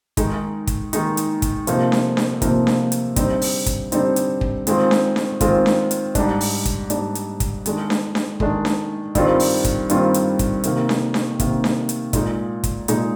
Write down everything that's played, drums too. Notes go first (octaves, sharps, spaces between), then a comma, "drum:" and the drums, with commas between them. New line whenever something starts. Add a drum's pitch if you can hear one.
D#3 G#3 D#4, drum: kick, hi-hat
drum: kick, hi-hat
D#3 G#3 D#4, drum: hi-hat
drum: hi-hat
drum: kick, hi-hat
C3 F3 A#3 D#4, drum: hi-hat
drum: snare D4
drum: snare D4
C3 F3 A#3 D#4, drum: kick, hi-hat
drum: snare D4
drum: hi-hat
D3 G3 C4 D#4, drum: kick, hi-hat
drum: open hi-hat
drum: kick, hi-hat
D3 G3 C4 D#4, drum: hi-hat
drum: hi-hat
drum: kick
D#3 G#3 C4 F4, drum: hi-hat
drum: snare D4
drum: snare D4
D#3 G#3 C4 F4, drum: kick, hi-hat
drum: snare D4
drum: hi-hat
G#2 G3 D4, drum: kick, hi-hat
drum: open hi-hat
drum: kick, hi-hat
G#2 G3 D4, drum: hi-hat
drum: hi-hat
drum: kick, hi-hat
D#3 G#3 D4, drum: hi-hat
drum: snare D4
drum: snare D4
D#3 G#3 D4, drum: kick
drum: snare D4
G2 D#3 G3 C4 F4, drum: kick, hi-hat
drum: open hi-hat
drum: kick, hi-hat
G2 D#3 G3 C4 F4, drum: hi-hat
drum: hi-hat
drum: kick, hi-hat
C3 D#3 A#3, drum: hi-hat
drum: snare D4
drum: snare D4
C3 D#3 A#3, drum: kick, hi-hat
drum: snare D4
drum: hi-hat
A#2 G#3 D#4, drum: kick, hi-hat
drum: kick, hi-hat
A#2 G#3 D#4, drum: hi-hat